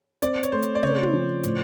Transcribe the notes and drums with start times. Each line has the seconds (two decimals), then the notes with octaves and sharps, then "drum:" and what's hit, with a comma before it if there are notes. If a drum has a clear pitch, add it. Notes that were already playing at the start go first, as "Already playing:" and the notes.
0.22 C4 D5, drum: hi-hat
0.43 C#5, drum: hi-hat
0.52 A3 C5
0.62 drum: hi-hat
0.75 D5
0.83 C#3 C#5, drum: tom
1.03 drum: tom
1.13 F3
1.43 A2, drum: hi-hat